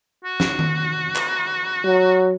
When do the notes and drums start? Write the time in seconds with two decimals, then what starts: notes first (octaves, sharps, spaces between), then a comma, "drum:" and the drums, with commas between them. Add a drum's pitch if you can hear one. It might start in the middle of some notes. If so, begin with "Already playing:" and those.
0.25 F#4
0.40 drum: snare
0.59 drum: tom D#3
1.16 drum: clap
1.85 F#3